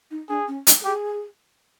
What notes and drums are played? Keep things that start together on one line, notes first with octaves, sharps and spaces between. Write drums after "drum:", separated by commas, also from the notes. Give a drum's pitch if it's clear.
D#4
D4 G#4
C#4
D4, drum: hi-hat
A4
G4 G#4